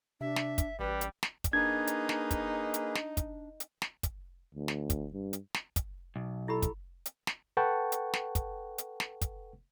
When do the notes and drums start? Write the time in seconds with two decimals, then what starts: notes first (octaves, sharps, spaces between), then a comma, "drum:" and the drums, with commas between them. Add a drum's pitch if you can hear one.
0.21 C3 D4 E5
0.36 drum: snare
0.58 drum: kick, hi-hat
0.79 A1 G3 B4
1.01 drum: hi-hat
1.23 drum: snare
1.44 drum: kick, hi-hat
1.53 A#3 D4 D#4 G#4 B4 G#6
1.87 drum: hi-hat
2.09 drum: snare
2.31 drum: kick, hi-hat
2.74 drum: hi-hat
2.95 drum: snare
3.17 drum: kick, hi-hat
3.60 drum: hi-hat
3.82 drum: snare
4.03 drum: kick, hi-hat
4.55 D2
4.68 drum: snare
4.90 drum: kick, hi-hat
5.13 G2
5.33 drum: hi-hat
5.54 drum: snare
5.76 drum: kick, hi-hat
6.16 B1
6.48 E4 G4 A4 B5
6.62 drum: kick, hi-hat
7.06 drum: hi-hat
7.27 drum: snare
7.57 A4 B4 F#5 G5 A5 C#6
7.92 drum: hi-hat
8.13 drum: snare
8.35 drum: kick, hi-hat
8.78 drum: hi-hat
9.00 drum: snare
9.21 drum: kick, hi-hat